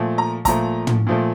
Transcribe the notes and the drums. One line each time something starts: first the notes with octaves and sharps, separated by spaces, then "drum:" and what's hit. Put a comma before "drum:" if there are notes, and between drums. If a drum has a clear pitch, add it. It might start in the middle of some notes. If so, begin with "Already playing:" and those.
Already playing: A#2 F3 A3
A#5
A#2 F3 A3 A#5, drum: kick, hi-hat
drum: tom
A#2 F3 A3